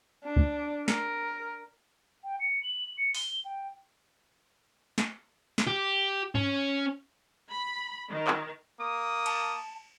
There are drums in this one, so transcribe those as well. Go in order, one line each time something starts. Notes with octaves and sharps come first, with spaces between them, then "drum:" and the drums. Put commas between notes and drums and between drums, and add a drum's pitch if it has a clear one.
D4
drum: kick C#2
A#4, drum: snare
G5
C#7
F#7
C#7
G7, drum: open hi-hat
G5
drum: snare
drum: snare
G4
C#4, drum: tom G2
B5
D#3
drum: clap
A#3 D#6
A5, drum: cymbal